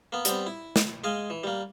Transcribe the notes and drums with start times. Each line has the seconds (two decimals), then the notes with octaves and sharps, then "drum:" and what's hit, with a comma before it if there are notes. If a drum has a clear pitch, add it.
0.12 A#3 B3
0.25 G3 B3 C4, drum: hi-hat
0.47 E4
0.76 drum: snare
1.04 G#3 D#5 F5 G#5
1.30 E3
1.44 G3 A#3